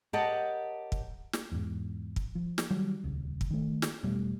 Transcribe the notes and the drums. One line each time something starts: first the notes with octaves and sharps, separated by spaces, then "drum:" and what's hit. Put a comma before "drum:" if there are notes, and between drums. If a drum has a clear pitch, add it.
G4 A#4 C#5 D#5 F#5 A5
drum: kick
drum: snare
E2 G#2
drum: kick
F3
drum: snare
D#3 F#3 G3
D#1 C#2
drum: kick
D#3 A3
drum: snare
E1 B2 G3 A3